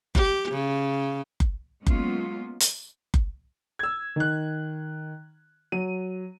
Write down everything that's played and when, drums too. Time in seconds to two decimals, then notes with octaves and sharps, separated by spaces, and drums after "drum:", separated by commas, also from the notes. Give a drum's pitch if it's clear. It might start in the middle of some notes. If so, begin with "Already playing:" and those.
0.15 G4, drum: kick F#1
0.52 C#3
1.40 drum: kick F#1
1.87 F#3 G#3 A#3 B3 C#4 F4, drum: kick F#1
2.60 drum: hi-hat
3.14 drum: kick F#1
3.79 E6 G#6
4.16 D#3 F#6
5.72 F#3 D#7